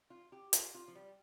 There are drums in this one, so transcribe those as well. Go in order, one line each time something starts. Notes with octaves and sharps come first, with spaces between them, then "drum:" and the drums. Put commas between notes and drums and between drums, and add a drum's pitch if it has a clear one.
F4
G4
F4, drum: hi-hat
F4
F3
G3